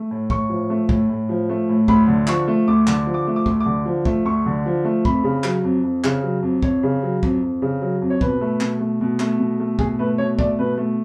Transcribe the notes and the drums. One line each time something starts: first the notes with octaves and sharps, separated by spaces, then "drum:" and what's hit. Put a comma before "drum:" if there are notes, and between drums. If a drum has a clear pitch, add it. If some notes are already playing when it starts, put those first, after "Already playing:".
Already playing: A3
A2
A2 C#6, drum: kick
F3
A3
A2, drum: kick
A2
F3
A3
A2
D2 B5, drum: kick
D3
F3 C#6, drum: clap
A3
D2 D6
D3 D6, drum: clap
F3
D6
A3
D6
D2, drum: kick
D6
D3
F3
A3, drum: kick
D2 C#6
D3
F3
A3
F2 B5, drum: kick
C#3
F#3, drum: clap
F2
F2
C#3, drum: clap
F#3
F2
F2 C#5, drum: kick
C#3
F#3
F2, drum: kick
F2
C#3
F#3
F2
C#5
B2 B4, drum: kick
A3
B2, drum: clap
A3
B2
A3, drum: clap
B2
A3
B2 G#4, drum: kick
A3 B4
B2 C#5
A3 D5, drum: kick
B2 B4
A3